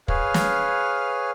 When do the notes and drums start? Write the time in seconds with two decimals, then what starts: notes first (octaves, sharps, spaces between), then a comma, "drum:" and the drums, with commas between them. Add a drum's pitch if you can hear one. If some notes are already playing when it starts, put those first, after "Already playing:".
0.08 G#4 B4 C#5 F5 F6, drum: kick
0.34 drum: snare